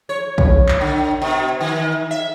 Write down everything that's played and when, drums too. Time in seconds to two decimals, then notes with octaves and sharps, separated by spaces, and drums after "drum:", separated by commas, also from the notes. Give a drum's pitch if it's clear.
0.09 C#5
0.38 drum: kick A#1
0.68 drum: clap
0.81 D3
1.22 B2
1.60 D#3
2.11 E5